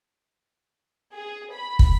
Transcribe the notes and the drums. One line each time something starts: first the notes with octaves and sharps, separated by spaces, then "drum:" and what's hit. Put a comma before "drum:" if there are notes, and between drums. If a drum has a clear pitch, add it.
G#4
B5
drum: kick